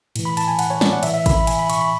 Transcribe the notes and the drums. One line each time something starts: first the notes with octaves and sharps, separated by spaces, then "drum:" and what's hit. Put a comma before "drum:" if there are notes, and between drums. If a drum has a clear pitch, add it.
A2 E3, drum: cymbal
B5
A5, drum: cymbal
G#5
F#5, drum: cymbal
C#5
D5, drum: snare
F#5
A2 E3 E5, drum: cymbal
E5
B5, drum: kick A1, cymbal
B5
G#5, drum: cymbal
B5
C#6, drum: cymbal
B5